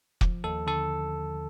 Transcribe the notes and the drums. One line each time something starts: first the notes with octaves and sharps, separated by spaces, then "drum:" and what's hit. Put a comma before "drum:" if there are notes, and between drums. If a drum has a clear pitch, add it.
F3, drum: kick
D#2 A4
D3 A4